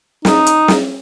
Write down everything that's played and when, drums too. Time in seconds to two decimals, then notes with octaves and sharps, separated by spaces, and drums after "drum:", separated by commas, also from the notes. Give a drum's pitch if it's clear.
0.25 D#4, drum: snare
0.46 drum: hi-hat
0.68 drum: snare